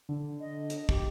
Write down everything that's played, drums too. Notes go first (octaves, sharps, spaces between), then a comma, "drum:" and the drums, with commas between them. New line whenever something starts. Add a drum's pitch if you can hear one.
D3
D#5
drum: hi-hat
G4, drum: kick